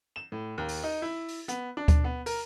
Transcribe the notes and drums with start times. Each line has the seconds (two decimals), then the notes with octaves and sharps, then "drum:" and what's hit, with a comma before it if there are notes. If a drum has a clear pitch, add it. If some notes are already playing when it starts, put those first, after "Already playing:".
0.16 E7
0.32 A2
0.58 D#2
0.69 drum: open hi-hat
0.84 D#4
1.02 E4
1.28 drum: open hi-hat
1.48 B3, drum: hi-hat
1.77 D4
1.88 drum: kick D2, hi-hat
2.04 B3
2.26 A#4, drum: open hi-hat